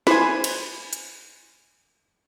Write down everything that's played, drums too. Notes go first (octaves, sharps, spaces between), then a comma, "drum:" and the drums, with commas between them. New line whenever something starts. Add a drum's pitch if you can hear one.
B4 C5 G#5, drum: snare
drum: cymbal
drum: hi-hat